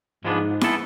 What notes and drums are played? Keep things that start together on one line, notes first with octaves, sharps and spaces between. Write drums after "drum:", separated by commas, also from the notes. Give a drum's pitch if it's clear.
G#2 F3 G#3 B3 D4
G#3 B3 E4 A4, drum: snare E4